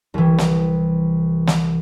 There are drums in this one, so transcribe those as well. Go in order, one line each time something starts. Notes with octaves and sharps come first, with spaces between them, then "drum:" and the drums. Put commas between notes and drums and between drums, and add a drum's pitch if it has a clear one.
C2 E3
drum: snare
drum: snare